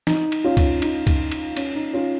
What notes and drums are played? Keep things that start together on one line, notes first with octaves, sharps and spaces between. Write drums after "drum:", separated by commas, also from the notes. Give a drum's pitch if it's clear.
D#4, drum: snare
drum: cymbal
C#4 F4
drum: kick C#2, cymbal
D#4, drum: cymbal
drum: kick C#2, cymbal
drum: cymbal
C#4, drum: cymbal
D#4
C#4 F4